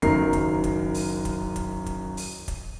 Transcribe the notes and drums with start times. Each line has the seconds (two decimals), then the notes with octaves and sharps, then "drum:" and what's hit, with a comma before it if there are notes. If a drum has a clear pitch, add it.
0.02 F#1 F#2 D#3 A#4 C7, drum: kick, hi-hat
0.33 drum: kick, hi-hat
0.64 drum: kick, hi-hat
0.94 drum: open hi-hat
1.25 drum: kick, hi-hat
1.56 drum: kick, hi-hat
1.86 drum: kick, hi-hat
2.17 drum: open hi-hat
2.48 drum: kick, hi-hat